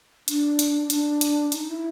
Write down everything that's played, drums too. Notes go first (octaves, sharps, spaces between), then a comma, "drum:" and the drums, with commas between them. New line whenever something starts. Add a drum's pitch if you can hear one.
D4, drum: hi-hat
drum: hi-hat
D4, drum: hi-hat
drum: hi-hat
D#4, drum: hi-hat
E4